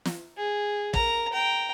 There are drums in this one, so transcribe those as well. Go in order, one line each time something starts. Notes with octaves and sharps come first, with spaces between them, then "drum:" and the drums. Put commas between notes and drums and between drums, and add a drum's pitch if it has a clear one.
drum: snare
G#4
A#4 A#5, drum: kick
G5 A#5